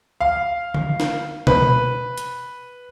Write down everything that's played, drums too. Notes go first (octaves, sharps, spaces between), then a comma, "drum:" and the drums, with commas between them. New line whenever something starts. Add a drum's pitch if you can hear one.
F5
drum: tom D3
drum: snare
B4, drum: tom B2
drum: hi-hat